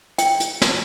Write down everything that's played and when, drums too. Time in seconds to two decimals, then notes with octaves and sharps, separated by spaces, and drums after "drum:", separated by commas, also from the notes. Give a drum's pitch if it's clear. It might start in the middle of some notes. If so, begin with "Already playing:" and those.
0.18 G5, drum: hi-hat
0.40 drum: hi-hat
0.62 drum: snare